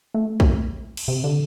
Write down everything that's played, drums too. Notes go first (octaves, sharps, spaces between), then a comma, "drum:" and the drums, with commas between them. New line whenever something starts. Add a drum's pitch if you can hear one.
A3
drum: kick
drum: cymbal
C3
D3